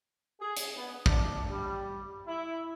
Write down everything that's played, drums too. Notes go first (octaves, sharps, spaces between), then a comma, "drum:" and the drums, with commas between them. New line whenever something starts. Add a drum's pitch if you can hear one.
G#4
drum: hi-hat
B3
D4, drum: kick
G3
E4